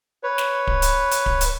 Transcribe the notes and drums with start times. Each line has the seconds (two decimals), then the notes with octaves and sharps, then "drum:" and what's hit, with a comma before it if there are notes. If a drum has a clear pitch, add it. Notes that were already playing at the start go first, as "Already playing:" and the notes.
0.23 B4 C#5
0.38 drum: snare
0.67 drum: kick D1
0.82 drum: hi-hat
1.11 drum: hi-hat
1.26 drum: kick D1
1.41 drum: hi-hat